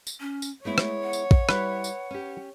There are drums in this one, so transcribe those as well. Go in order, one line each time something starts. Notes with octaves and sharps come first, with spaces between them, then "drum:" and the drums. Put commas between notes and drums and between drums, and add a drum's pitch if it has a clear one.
drum: tambourine
C#4
drum: tambourine
G#3 A3 B3 E4 C#5
drum: rim click
F#5
drum: tambourine
drum: kick
G3 E4 B4, drum: rim click
drum: tambourine
C#4 G4